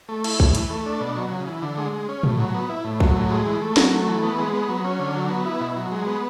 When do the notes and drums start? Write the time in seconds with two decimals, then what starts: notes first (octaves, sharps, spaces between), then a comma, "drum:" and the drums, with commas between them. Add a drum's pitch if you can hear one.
0.09 A3
0.24 E4, drum: cymbal
0.40 A2, drum: kick
0.55 E3, drum: hi-hat
0.70 A3
0.86 D4
1.01 B2
1.16 F#3
1.31 C#3
1.47 E3
1.62 D3
1.78 G#3
1.93 G#3
2.09 C#4
2.23 A2, drum: tom
2.39 F#3
2.54 B3
2.70 E4
2.84 A2
3.00 F#3, drum: kick
3.16 A2
3.31 G#3
3.46 E3
3.62 A3
3.77 F#3, drum: snare
3.92 A3
4.07 E3
4.23 B3
4.38 G#3
4.53 B3
4.69 F#3
4.84 C#4
4.99 D3
5.15 F#3
5.30 B3
5.46 E4
5.61 B2
5.76 F#3
5.91 G#3
6.06 B3